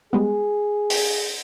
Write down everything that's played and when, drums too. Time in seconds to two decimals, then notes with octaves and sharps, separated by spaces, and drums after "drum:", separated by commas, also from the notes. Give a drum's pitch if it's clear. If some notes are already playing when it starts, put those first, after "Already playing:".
0.13 G3 G#3 B3 G#4
0.90 drum: open hi-hat